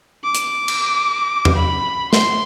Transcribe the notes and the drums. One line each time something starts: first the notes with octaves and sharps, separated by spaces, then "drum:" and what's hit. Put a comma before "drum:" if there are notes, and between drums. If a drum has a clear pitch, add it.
D6
drum: hi-hat
drum: cymbal
drum: tom E2
B5
C6, drum: snare